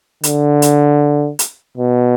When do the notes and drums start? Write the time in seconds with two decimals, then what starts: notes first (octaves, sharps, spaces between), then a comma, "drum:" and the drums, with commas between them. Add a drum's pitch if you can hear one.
0.24 D3, drum: hi-hat
0.62 drum: hi-hat
1.39 drum: hi-hat
1.78 B2